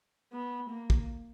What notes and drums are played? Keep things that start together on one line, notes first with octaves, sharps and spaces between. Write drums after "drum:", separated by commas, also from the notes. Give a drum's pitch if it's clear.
B3
A#3
drum: kick